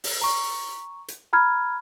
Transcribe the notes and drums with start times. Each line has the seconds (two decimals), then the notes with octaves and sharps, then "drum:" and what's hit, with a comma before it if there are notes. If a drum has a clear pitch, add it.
0.04 drum: open hi-hat
0.21 A#5 C#6
1.08 drum: hi-hat
1.33 A#5 B5 F6 G#6